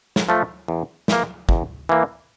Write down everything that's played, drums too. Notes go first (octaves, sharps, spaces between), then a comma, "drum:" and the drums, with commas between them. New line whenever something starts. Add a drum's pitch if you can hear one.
drum: snare
F3 A3
E2
E3 A#3, drum: snare
E2, drum: kick
E3 A#3